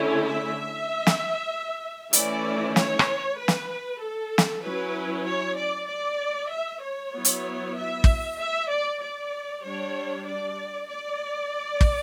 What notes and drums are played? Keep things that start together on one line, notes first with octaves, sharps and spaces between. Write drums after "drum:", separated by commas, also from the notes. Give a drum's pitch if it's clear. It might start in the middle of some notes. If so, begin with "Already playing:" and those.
Already playing: D3 A3 C#4 E4
E5
drum: snare
E3 A3 C#4 E4 D5, drum: hi-hat
C#5, drum: snare
drum: rim click
B4
drum: snare
A4
drum: snare
F#3 C#4 E4 B4
C#5
D5
D5
E5
C#5
F#3 B3 E4
drum: hi-hat
E5
drum: kick
E5
D5
D5
G3 D4 C#5
D5
D5
drum: kick